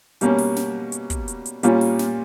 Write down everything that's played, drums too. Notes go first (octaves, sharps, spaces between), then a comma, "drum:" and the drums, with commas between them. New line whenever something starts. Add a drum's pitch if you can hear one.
B2 G3 A#3 C#4, drum: hi-hat
drum: open hi-hat
drum: snare
drum: hi-hat
drum: kick, hi-hat
drum: hi-hat
drum: hi-hat
A#2 G3 A#3 C#4 F4, drum: hi-hat
drum: open hi-hat
drum: snare